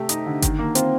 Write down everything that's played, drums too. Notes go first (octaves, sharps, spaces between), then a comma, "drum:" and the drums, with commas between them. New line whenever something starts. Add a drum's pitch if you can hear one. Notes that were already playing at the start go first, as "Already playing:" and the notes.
Already playing: C3 A3 G4
D#4, drum: hi-hat
D3
D#3, drum: kick G1, hi-hat
A#3
C4 F4, drum: hi-hat